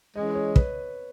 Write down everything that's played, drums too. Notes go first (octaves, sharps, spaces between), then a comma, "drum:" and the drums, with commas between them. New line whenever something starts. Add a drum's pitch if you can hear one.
E3 G#3 C#4 G#4 D#5
C#5
C#5
B4, drum: kick